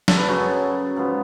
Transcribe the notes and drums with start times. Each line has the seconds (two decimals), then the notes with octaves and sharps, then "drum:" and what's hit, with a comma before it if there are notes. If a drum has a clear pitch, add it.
0.08 A4, drum: snare
0.17 B4
0.28 F#2 C#3 F#3 B3 C#5
0.96 G#2 F3 B3